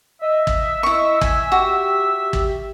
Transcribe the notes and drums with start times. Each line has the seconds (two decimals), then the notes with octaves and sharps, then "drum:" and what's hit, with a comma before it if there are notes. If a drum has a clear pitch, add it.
0.22 D#5 E5
0.47 drum: kick
0.83 E4 C#6
1.21 G#5, drum: kick
1.52 F#4 G4
2.33 drum: kick